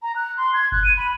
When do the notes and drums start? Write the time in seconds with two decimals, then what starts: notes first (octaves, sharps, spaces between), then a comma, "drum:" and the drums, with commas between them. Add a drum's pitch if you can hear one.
0.02 A#5
0.16 F#6
0.37 C6
0.54 G#6
0.72 F#6, drum: kick F#1
0.84 D#7
0.97 B5